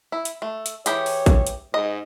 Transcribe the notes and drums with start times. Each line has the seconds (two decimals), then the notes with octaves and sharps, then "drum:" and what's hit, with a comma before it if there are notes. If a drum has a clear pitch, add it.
0.12 E4
0.25 drum: hi-hat
0.42 A3
0.66 drum: hi-hat
0.86 E3 G4 G#4 C#5, drum: hi-hat
1.06 drum: open hi-hat
1.26 drum: kick, hi-hat
1.47 drum: hi-hat
1.74 G#2 D#5